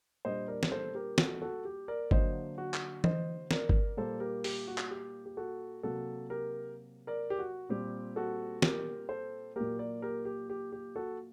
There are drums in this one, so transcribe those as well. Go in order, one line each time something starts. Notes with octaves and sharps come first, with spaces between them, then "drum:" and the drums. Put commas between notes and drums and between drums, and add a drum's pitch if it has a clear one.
A#2 G3 D4 C5 D#5
A#4 D5
A#4, drum: snare
A4 C5
G4 A#4
F#4 A4, drum: snare
F#4 A4
G4
A#4 D5
D3 F#3 A#3 D4 C5 D#5, drum: kick
F#4
drum: clap
C5 D#5, drum: tom E3
A#4 D5, drum: snare
drum: kick
A#2 G3 A#3 A4 C5
G4 A#4
G4, drum: open hi-hat
F#4
drum: clap
G4
G4
F#4 A4
C3 F#3 A#3 F#4 A4
G4 A#4
A#4 D5
G4
F#4
A#2 G3 C4 G4
F#4 A4
G4 A#4, drum: snare
A4 C5
A#2 F#3 A#3 G4 A#4
A#4 D5
G4 A#4
G4
G4
G4
F#4 A4